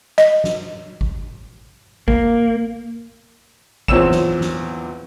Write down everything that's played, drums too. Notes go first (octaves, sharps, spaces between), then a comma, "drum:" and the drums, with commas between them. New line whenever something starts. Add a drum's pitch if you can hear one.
D#5, drum: hi-hat
drum: snare
drum: kick G#1
A#3, drum: kick G#1
E2 A#2 C4 C#5 E6 E7, drum: kick G#1
drum: snare
drum: snare